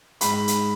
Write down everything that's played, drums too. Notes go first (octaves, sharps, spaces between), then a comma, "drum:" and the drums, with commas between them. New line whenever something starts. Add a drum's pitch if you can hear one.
G#2 B5, drum: hi-hat
drum: hi-hat